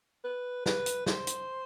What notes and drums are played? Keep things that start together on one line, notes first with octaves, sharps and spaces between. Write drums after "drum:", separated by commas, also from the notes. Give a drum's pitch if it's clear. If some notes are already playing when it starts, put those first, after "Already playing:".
B4
B4, drum: snare
drum: hi-hat
C5, drum: snare
drum: hi-hat